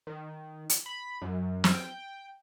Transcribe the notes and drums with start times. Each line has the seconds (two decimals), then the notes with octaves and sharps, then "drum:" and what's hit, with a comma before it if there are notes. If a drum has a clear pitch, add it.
0.07 D#3
0.70 drum: hi-hat
0.86 B5
1.22 F#2
1.64 drum: snare
1.74 G5